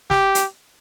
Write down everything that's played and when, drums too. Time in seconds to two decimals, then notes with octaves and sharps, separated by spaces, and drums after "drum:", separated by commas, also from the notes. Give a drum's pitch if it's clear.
0.10 G4, drum: snare
0.35 drum: hi-hat